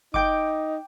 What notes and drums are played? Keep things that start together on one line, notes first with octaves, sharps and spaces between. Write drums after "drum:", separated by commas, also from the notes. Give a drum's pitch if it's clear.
D#4 G5 D6, drum: kick F#1